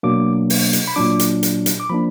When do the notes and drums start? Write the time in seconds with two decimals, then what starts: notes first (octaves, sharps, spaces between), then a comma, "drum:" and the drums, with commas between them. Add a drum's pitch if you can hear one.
0.03 B2 F#3 A#3 D4 D6
0.50 drum: open hi-hat
0.73 drum: hi-hat
0.88 B5
0.96 A#2 F#3 D4 D6
1.19 drum: hi-hat
1.43 drum: hi-hat
1.66 drum: hi-hat
1.80 D6
1.89 F3 A#3 D4 B5